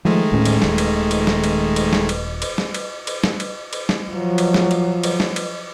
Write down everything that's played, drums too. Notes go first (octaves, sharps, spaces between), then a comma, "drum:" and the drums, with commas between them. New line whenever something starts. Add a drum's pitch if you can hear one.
D#3 F3 G#3 A3
D1 A2 C#4
drum: cymbal
D#1, drum: snare
drum: cymbal
drum: cymbal
drum: snare
drum: cymbal
drum: cymbal
drum: snare
drum: cymbal
drum: cymbal
drum: snare
drum: cymbal
drum: cymbal
drum: snare
drum: cymbal
drum: cymbal
drum: snare
F3 F#3
drum: cymbal
drum: snare
drum: cymbal
drum: cymbal
drum: snare
drum: cymbal